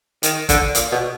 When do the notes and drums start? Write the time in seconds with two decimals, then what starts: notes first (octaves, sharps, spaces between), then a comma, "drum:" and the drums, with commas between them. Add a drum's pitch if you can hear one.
0.23 D#3, drum: hi-hat
0.49 D3, drum: kick G1, hi-hat
0.75 A#2, drum: hi-hat
0.92 B2